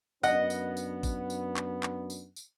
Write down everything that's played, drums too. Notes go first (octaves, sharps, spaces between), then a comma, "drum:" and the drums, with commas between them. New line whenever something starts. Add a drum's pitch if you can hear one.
F#2 B3 D4 D#5 F#5, drum: tambourine
drum: tambourine
drum: tambourine
drum: kick, tambourine
drum: tambourine
drum: clap
drum: clap
drum: tambourine
drum: tambourine